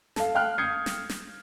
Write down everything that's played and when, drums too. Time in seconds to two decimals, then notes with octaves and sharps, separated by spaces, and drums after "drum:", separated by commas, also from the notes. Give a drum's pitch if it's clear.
0.16 A4 F5, drum: snare
0.35 F5 G5 F6 F#6
0.58 D#6 G6 G#6 C7 C#7
0.86 drum: snare
1.09 drum: snare